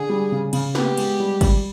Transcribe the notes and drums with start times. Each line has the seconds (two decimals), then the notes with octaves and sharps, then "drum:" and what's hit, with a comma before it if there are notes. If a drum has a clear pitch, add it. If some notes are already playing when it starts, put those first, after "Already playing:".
Already playing: D3 G#4
0.09 G3
0.32 C#3
0.53 C#3, drum: cymbal
0.75 B3 G4, drum: snare
0.98 G#3, drum: cymbal
1.20 G3
1.41 G3, drum: kick G#1, cymbal